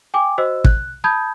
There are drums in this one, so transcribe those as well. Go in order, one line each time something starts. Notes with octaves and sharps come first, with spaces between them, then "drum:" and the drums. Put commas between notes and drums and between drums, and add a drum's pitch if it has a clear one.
G5 G#5 D6
F#4 C5 D#5 E6
F#6, drum: kick
A5 B5 D#6 G6 G#6